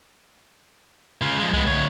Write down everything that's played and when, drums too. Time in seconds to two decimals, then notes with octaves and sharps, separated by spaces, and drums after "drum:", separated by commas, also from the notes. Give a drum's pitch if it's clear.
1.22 C#3 F4
1.38 F3 G#3
1.53 G#3 B3, drum: tom C2
1.67 D2 C#5